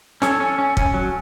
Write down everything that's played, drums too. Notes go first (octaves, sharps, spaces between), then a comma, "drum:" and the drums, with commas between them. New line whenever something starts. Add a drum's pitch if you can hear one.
C#4 A4 C#5, drum: snare
C#4
C#4
C#4, drum: kick
F#3